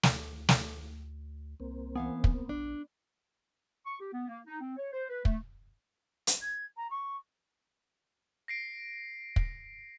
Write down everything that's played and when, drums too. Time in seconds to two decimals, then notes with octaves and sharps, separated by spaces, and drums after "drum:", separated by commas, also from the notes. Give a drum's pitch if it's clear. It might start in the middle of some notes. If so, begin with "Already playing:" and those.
0.03 D2, drum: snare
0.49 drum: snare
1.60 C2 A#3 C4
1.95 E3 B3 F5 G#5
2.24 C2, drum: kick
2.49 A#1 D4
3.86 C#6
4.00 G4
4.12 B3
4.28 A#3
4.46 D#4
4.61 C4
4.77 C#5
4.93 C5
5.09 B4
5.25 A3, drum: kick
6.27 drum: hi-hat
6.41 G#6
6.76 A#5
6.90 C#6
8.48 A#6 C7 D7
9.36 drum: kick